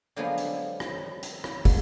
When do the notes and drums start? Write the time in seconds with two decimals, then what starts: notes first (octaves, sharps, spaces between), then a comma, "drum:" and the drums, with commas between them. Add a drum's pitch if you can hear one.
0.16 D3 F3 F#3 G#3 A#3 B3
0.38 drum: hi-hat
0.80 drum: rim click
1.23 drum: hi-hat
1.44 drum: rim click
1.65 drum: kick, open hi-hat